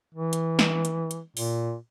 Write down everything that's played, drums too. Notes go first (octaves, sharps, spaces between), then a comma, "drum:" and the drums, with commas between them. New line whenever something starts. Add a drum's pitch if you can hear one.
E3
drum: hi-hat
drum: snare
drum: hi-hat
drum: hi-hat
A#2, drum: open hi-hat